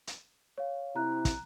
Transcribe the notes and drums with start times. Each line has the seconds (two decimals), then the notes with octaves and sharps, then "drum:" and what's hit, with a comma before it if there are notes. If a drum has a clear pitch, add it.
0.07 drum: hi-hat
0.58 C#5 F5
0.96 C3 E4 A#5 F#6
1.25 drum: kick, hi-hat